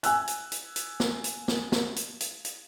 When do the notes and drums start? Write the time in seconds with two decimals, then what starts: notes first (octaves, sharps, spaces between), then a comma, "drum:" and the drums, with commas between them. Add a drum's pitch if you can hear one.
0.03 G#5 E6 F#6, drum: hi-hat
0.27 drum: hi-hat
0.52 drum: hi-hat
0.76 drum: hi-hat
1.00 drum: snare
1.24 drum: hi-hat
1.48 drum: snare
1.72 drum: snare
1.96 drum: hi-hat
2.20 drum: hi-hat
2.45 drum: hi-hat